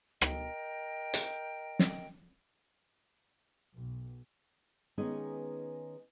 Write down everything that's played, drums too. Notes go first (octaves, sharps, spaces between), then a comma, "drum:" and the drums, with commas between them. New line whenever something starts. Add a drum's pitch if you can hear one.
A#4 D#5 G5, drum: rim click
drum: hi-hat
drum: snare
B1
D#3 G#3 B3 C#4 D#4 G#4